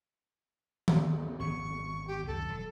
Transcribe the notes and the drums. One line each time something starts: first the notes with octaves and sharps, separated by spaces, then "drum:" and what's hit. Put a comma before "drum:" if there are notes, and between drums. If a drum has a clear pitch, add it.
drum: tom D#3
G#1 G2 B3 C#6
G4
C#2 F#2 D#3 A4
E1 F#3